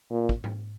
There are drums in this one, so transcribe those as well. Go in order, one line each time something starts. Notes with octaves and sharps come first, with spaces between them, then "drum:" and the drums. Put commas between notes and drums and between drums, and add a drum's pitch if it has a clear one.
A#2
drum: kick
drum: tom G#2